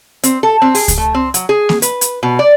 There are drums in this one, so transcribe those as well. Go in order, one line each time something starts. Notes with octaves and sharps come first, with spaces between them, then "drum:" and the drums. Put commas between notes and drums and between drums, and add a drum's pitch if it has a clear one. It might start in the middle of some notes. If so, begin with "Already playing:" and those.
C4, drum: hi-hat
A4
C4
G#4, drum: open hi-hat
drum: kick C#2, hi-hat
A3
C4
F#3, drum: hi-hat
G#4
drum: snare A#3
B4, drum: hi-hat
drum: hi-hat
B2
D5